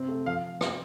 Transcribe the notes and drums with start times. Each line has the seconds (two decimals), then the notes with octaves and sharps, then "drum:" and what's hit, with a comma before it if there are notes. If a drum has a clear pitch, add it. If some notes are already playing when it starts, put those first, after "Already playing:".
Already playing: C3 C4
0.08 A3
0.26 F3 F5
0.61 drum: rim click